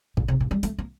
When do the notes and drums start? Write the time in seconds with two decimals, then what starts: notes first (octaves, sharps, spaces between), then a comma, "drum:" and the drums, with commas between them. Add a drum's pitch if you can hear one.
0.17 A#2, drum: kick
0.28 C3
0.40 A#2
0.51 G3
0.63 A3, drum: hi-hat
0.78 A#3